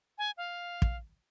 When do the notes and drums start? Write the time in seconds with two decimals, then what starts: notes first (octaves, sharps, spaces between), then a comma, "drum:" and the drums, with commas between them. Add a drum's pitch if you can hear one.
0.18 G#5
0.37 F5
0.82 drum: kick